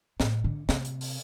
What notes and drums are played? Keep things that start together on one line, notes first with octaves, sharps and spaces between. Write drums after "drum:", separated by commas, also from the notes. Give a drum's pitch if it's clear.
A2, drum: snare
D3
C3, drum: snare
drum: hi-hat
drum: open hi-hat